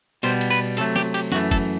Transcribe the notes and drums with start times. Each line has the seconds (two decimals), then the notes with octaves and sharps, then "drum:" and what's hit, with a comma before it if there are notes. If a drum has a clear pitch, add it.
0.23 B2 G3 B3 C5, drum: cymbal
0.41 drum: cymbal
0.51 B4
0.77 C3 F#3 A3 A4, drum: cymbal
0.96 G4, drum: snare
1.14 G4, drum: cymbal
1.32 F#2 E3 A3 F#4, drum: snare
1.51 A4, drum: kick, cymbal